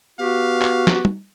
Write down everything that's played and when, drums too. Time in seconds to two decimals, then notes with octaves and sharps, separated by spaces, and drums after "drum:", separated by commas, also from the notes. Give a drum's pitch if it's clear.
0.19 B3 F#4 G4 F5
0.62 drum: clap
0.87 drum: snare
1.05 drum: tom